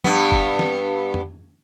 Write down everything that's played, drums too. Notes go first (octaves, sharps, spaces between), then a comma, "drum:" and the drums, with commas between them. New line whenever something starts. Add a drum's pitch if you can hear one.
G2 B3, drum: tom
drum: kick
drum: snare C4
drum: tom F2